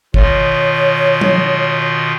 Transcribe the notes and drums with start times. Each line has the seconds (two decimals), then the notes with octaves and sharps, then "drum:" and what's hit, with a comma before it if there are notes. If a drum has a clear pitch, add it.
0.14 B2 D#3 F4 C#5, drum: kick
1.21 drum: tom F3